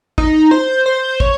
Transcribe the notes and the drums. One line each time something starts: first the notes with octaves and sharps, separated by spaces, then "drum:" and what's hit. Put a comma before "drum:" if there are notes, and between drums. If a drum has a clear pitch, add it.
D#4, drum: kick
C5
C5
C#5, drum: kick